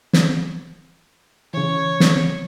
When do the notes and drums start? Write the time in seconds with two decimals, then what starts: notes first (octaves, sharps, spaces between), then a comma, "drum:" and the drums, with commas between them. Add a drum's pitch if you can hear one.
0.13 drum: snare
1.54 C#3 E3 C#5
2.00 drum: snare